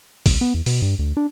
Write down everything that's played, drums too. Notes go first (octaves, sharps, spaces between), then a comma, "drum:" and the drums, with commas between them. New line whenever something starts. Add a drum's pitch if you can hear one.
C2, drum: kick A#1, open hi-hat
B3
E2
B2, drum: open hi-hat
G2
D2
D4